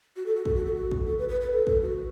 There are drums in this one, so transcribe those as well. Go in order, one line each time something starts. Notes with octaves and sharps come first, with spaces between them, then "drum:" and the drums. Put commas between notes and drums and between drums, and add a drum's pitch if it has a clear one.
F#4
A4
F#4
A4, drum: kick
F#4
A4
F#4
drum: kick
A4
B4
B4
B4
A4
A4, drum: kick
F#4